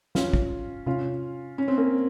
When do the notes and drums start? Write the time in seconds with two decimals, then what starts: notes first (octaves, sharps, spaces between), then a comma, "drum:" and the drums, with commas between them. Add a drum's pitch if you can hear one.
0.15 C#4 F4, drum: snare
0.33 drum: kick
0.86 C#4 F4, drum: tom C3
1.58 C#4
1.68 C4
1.77 A#3 C#4